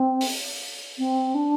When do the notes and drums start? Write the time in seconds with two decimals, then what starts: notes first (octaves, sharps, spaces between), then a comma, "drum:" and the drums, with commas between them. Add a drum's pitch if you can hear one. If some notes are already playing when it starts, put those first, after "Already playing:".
Already playing: C4
0.21 drum: open hi-hat
0.98 C4
1.34 D4